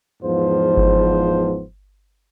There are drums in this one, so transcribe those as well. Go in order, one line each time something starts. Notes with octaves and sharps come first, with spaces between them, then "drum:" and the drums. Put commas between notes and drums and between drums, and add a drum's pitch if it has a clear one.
E2 G#2 F3 B3 F4 C5
drum: kick G1